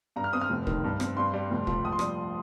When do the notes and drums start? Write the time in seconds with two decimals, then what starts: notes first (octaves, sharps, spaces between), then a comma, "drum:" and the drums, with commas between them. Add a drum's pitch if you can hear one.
0.16 G2 A#5
0.24 F6
0.33 C4 D#6
0.41 F6
0.50 F1
0.67 D#3, drum: kick
0.84 G2
1.00 C4, drum: rim click
1.17 G2 C6
1.34 G3
1.51 F1
1.67 F3, drum: kick
1.84 A#1 D#6
1.92 C6
1.99 G3 D#6, drum: rim click